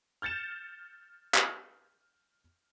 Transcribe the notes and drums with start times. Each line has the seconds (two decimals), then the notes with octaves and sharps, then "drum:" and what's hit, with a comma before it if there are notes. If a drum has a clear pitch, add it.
0.22 F6 G6 A6 C#7 E7
1.35 drum: clap